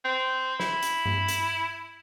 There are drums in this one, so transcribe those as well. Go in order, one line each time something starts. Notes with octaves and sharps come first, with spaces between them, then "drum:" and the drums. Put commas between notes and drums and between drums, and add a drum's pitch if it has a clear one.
C4
E4, drum: snare
drum: hi-hat
drum: tom G2
drum: hi-hat